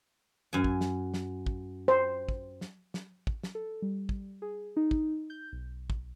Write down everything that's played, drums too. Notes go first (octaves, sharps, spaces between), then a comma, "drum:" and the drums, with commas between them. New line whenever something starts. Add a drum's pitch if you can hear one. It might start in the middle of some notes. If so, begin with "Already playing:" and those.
F#2 G#5
drum: kick
drum: snare
drum: snare
drum: kick
C5
drum: kick
drum: snare
drum: snare
drum: kick
drum: snare
A4
G3
drum: kick
G#4
D#4
drum: kick
G6
B1
drum: kick